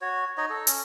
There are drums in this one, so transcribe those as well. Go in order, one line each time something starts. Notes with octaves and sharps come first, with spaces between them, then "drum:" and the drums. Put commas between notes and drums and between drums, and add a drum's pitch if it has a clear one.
F#4 C#5
D#4 C#5 D#5
A4
C#4, drum: hi-hat